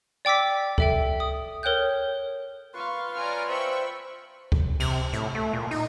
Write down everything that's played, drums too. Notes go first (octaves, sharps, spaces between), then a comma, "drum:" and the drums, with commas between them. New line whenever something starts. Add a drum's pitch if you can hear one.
D5 G5 D6 E6 B6
A4 E5 G5, drum: kick C#2
D#6
A#4 C#5 G5 F#6 G6
F4 B4 F5 C6 C#6
C#5 D5 G#5 A#5 F6
C5 E5 G5 B5 C#6
drum: kick C#2
C3, drum: cymbal
A2, drum: hi-hat
A3
A#2
D#4, drum: open hi-hat